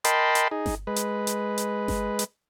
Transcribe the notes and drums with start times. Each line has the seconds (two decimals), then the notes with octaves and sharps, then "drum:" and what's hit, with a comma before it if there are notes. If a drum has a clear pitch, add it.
0.04 A#4 D#5 G5 A5 B5 C6, drum: hi-hat
0.35 drum: hi-hat
0.51 D#4 G#4
0.66 drum: snare G1
0.87 G#3 B4
0.96 drum: hi-hat
1.27 drum: hi-hat
1.58 drum: hi-hat
1.88 drum: snare G1
2.19 drum: hi-hat